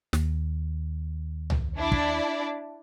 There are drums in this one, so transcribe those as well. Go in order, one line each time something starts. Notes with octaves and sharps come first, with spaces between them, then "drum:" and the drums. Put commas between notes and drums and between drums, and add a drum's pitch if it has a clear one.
D#2, drum: snare
drum: tom C2
D4 E4 D5
drum: kick